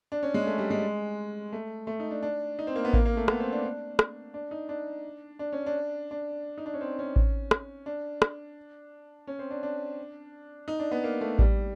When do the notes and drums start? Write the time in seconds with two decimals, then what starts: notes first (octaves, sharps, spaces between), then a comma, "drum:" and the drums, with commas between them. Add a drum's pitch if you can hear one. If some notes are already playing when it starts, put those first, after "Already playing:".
0.12 D4
0.23 C#4
0.34 G#3
0.47 A3
0.58 G3
0.71 G#3
1.53 A3
1.87 A3
2.00 D#4
2.11 D4
2.23 D4
2.59 D#4
2.67 C4
2.75 A#3
2.85 B3
2.93 A#3, drum: kick A1
3.05 A#3
3.17 A3
3.28 B3, drum: rim click
3.40 C4
3.52 D4
3.64 D4
3.99 drum: rim click
4.34 D4
4.51 D#4
4.69 D4
5.39 D4
5.52 C#4
5.66 D4
6.11 D4
6.58 D#4
6.66 D4
6.74 C#4
6.81 C4
6.99 C#4
7.16 drum: kick A1
7.51 drum: rim click
7.86 D4
8.22 drum: rim click
9.27 C#4
9.39 C4
9.50 D4
9.63 D4
10.68 D#4
10.79 D4
10.91 B3
11.04 A#3
11.21 A3
11.39 G3, drum: kick A1